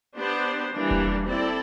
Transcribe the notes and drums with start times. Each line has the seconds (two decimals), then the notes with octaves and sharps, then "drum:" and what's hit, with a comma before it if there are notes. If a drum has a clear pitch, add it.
0.16 B3 D4 G4 C5
0.72 E3 G3 A#3 D4
0.91 drum: kick E1
1.27 C4 E4 A4 D5